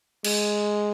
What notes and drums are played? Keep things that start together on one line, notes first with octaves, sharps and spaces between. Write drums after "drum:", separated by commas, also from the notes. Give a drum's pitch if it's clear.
G#3, drum: cymbal